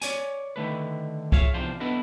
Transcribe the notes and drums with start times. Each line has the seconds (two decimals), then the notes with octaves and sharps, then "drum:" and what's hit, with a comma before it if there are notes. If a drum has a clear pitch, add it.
0.02 C#5 D5 G#5, drum: hi-hat
0.56 D3 D#3 A3 B4
1.32 F4 G#4 C#5 E5 F5, drum: kick C2
1.54 E2 C3 F3 D4 C5 F5
1.80 B3 D4 E4 A4 B4 D#5